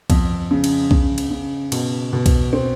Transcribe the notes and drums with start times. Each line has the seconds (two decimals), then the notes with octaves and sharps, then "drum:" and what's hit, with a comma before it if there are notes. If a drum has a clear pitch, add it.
0.10 F2, drum: kick B1, cymbal
0.51 C#3
0.64 drum: cymbal
0.91 C#3, drum: kick B1
1.18 drum: cymbal
1.31 C#3
1.72 B2, drum: cymbal
2.13 B2
2.26 drum: kick B1, cymbal
2.53 C4